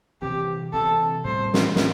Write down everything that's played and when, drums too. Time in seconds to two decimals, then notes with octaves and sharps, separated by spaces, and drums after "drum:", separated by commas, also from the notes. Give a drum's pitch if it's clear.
0.22 C3 E3 C4 G4
0.73 C3 E3 C4 A4
1.25 A2 G3 C4 C5
1.54 drum: snare
1.76 A2 G3, drum: snare